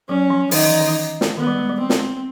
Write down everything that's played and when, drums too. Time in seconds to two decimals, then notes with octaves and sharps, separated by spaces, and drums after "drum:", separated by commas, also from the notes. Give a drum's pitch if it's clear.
0.09 F#3 C#4
0.30 F3
0.51 D#3 D#4, drum: open hi-hat
0.67 E3
0.81 D#3
1.21 drum: snare
1.37 D#3 B3
1.47 G3
1.58 G#3
1.69 G3
1.80 C4
1.90 drum: snare